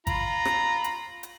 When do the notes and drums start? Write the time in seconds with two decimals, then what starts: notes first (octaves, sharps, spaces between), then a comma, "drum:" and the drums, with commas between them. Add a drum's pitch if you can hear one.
0.07 F4 A#5 B5, drum: kick, hi-hat
0.45 drum: rim click
0.84 drum: hi-hat
1.23 drum: hi-hat